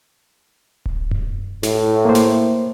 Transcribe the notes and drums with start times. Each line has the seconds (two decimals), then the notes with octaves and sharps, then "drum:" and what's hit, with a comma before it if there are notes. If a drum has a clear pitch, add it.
0.86 drum: kick D1
1.11 drum: tom F#2
1.63 A2, drum: snare
2.05 A#3 C5
2.15 drum: snare